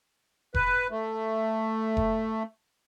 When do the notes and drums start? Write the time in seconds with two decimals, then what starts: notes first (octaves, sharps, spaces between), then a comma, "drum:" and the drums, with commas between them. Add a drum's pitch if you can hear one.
0.54 B4, drum: kick F1
0.91 A3
1.97 drum: kick F1